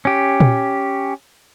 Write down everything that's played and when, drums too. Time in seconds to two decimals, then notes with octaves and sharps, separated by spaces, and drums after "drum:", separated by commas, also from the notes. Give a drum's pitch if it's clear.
0.05 C#4 G4
0.40 drum: tom A#2